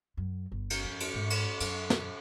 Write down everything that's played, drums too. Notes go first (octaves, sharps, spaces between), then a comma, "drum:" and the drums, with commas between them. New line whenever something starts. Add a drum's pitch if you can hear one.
F#2
G1
drum: cymbal
F2
drum: cymbal
G#2
drum: cymbal
F#2, drum: cymbal
drum: snare